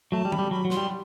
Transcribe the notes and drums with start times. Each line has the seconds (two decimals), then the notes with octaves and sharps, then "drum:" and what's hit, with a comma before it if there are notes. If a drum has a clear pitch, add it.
0.12 F#3 A3 A5
0.25 G3
0.32 B5, drum: tom D#3
0.39 G3
0.51 F#3 B5
0.65 F#3
0.70 C6, drum: snare
0.77 G3